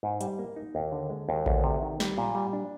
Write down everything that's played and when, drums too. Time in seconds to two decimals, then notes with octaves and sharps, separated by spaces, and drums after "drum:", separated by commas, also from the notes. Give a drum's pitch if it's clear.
0.03 G#2
0.21 G3, drum: hi-hat
0.39 A#3
0.56 D#4
0.75 D#2
0.92 D3
1.10 G#3
1.29 D#2
1.46 D2, drum: kick A#1
1.64 C3
1.82 D#3
2.00 G3, drum: snare
2.18 A#2
2.35 G3
2.53 D4